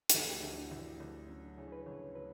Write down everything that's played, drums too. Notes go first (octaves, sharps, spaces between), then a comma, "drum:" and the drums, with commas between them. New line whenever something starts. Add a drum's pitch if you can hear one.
F#4, drum: hi-hat
D2 G4
F#4
D2 D4
E4
D4
D2 E4
D2
F#3 C#4
D4
C#3 E4
C#5
B4
D2 C#5
F#3 B4